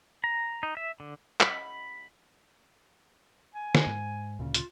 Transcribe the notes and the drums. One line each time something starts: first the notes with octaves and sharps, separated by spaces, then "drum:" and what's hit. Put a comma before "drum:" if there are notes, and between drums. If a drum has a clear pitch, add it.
A#5
D#4
E5
D3
B5, drum: clap
G#5
drum: snare
G#2
D2 A#2 C#3
F4, drum: hi-hat